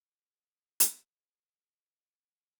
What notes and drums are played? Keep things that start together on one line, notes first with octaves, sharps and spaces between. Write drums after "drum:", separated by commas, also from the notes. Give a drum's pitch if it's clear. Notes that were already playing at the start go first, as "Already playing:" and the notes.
G#4 C5
drum: hi-hat